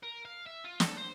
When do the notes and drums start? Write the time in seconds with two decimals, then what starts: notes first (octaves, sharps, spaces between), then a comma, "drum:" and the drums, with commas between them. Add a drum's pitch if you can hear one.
0.03 A#4
0.25 F5
0.46 E5
0.64 F4
0.80 A4, drum: snare
0.97 C5